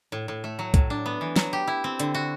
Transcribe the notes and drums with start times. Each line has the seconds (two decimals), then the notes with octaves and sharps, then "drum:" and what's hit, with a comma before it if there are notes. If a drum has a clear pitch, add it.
0.12 A2
0.28 A2
0.44 A3
0.59 F#3
0.74 A2, drum: kick, hi-hat
0.90 D4
1.06 B3
1.21 E3
1.36 F#3, drum: snare
1.53 G4
1.67 E4
1.84 C4
2.00 D3, drum: hi-hat
2.14 F#4